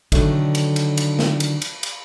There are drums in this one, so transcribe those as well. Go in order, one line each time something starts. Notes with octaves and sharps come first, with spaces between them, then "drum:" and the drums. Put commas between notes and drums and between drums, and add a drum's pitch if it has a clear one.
D3 D#3 F#3 A3 D4, drum: kick G1, cymbal
drum: cymbal
drum: cymbal
drum: cymbal
drum: snare
drum: cymbal
drum: cymbal
drum: cymbal